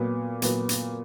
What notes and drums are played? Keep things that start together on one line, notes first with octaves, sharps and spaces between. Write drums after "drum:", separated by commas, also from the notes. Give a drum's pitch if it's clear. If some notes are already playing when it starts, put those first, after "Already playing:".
Already playing: A#2 F#3 B3
A#2 F#3 B3, drum: hi-hat
drum: hi-hat